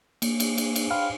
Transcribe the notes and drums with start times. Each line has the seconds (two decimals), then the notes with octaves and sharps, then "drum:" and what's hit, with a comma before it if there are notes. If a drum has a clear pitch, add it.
0.22 A#3, drum: cymbal
0.40 drum: cymbal
0.58 drum: cymbal
0.76 drum: cymbal
0.90 F5 G5 B5 C6 F6